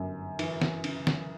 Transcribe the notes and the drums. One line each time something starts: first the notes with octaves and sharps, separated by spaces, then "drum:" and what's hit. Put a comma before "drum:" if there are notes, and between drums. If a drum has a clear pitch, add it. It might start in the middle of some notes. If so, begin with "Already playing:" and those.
Already playing: G1 F#2
E3, drum: cymbal
drum: snare
C#3, drum: cymbal
drum: snare